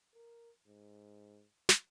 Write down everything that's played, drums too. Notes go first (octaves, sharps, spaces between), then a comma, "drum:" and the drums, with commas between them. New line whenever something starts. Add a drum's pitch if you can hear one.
A#4
G#2
drum: snare